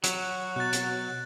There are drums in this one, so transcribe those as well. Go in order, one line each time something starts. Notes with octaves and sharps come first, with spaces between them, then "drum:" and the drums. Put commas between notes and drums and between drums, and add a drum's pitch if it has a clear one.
F#3 F#4, drum: hi-hat
B2 F#6 A6
drum: hi-hat